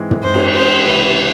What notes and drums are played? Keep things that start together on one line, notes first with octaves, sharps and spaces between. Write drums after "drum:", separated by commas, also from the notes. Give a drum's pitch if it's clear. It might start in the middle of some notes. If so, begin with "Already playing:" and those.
Already playing: G#2 E3 G#3 C4
drum: tom
G#2 E3 G#3 C4 C5
drum: cymbal
C5
C#2 C3 E3 G#3 B4